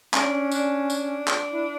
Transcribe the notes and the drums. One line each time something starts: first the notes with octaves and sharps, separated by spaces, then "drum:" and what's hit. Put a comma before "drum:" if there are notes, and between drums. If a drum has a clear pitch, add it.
C#4 D4, drum: clap
D4, drum: tambourine
drum: tambourine
drum: clap
E4